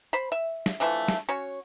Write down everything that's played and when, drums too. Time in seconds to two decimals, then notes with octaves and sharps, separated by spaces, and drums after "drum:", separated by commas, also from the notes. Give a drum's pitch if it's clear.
0.13 C5 B5
0.32 E5
0.66 drum: snare
0.80 D3 E3 F3 A3
1.08 drum: snare
1.29 C#4 F#4 C#5